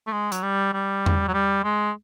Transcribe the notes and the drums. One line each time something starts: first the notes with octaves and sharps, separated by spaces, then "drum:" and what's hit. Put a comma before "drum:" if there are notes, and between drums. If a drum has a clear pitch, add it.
A3
G#3
F#3, drum: hi-hat
G3
G3
drum: tom E2
F#3
G3
G#3